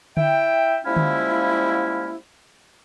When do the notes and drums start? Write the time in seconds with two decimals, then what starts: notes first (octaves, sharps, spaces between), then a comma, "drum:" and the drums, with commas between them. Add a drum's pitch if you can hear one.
0.17 E4 E5 G5, drum: tom D3
0.85 F3 G3 G#3 A#3 C#4 E4
0.96 drum: tom D3